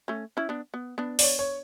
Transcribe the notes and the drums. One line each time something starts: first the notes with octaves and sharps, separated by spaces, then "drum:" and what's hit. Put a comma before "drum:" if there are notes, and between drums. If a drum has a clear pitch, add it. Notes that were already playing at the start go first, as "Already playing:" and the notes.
A3 C#4
C#4 E4
B3 D4
B3
B3 D4
D5, drum: open hi-hat
C#5
C#5